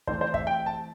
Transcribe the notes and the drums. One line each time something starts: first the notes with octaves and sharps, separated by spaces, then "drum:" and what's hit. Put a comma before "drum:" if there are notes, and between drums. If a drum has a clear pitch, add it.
E3 A3 C4 C5, drum: kick
C5
E5, drum: kick
G5
A5